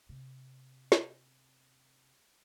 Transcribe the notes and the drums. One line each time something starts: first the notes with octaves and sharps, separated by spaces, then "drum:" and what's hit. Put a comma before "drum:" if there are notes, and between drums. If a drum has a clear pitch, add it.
C3
drum: snare